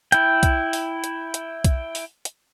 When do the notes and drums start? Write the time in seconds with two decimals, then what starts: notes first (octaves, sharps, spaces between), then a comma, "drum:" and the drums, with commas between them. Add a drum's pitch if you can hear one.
0.12 E4 G5, drum: hi-hat
0.43 drum: kick, hi-hat
0.73 drum: open hi-hat
1.04 drum: hi-hat
1.34 drum: hi-hat
1.64 drum: kick, hi-hat
1.95 drum: open hi-hat
2.25 drum: hi-hat